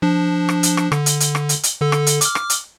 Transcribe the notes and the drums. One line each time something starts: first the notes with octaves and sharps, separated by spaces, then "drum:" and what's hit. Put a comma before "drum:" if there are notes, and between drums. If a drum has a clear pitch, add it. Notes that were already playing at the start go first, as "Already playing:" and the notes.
F3 D4
drum: rim click
drum: hi-hat
drum: rim click
D3, drum: rim click
drum: hi-hat
drum: hi-hat
drum: rim click
drum: hi-hat
drum: hi-hat
D3 A4
drum: rim click
drum: hi-hat
D6 F6, drum: hi-hat
drum: rim click
drum: hi-hat